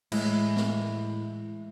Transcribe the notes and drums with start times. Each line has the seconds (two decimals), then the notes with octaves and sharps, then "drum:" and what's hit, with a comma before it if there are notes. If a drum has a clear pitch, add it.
0.12 A2 E3 G#3 E4, drum: cymbal
0.57 drum: snare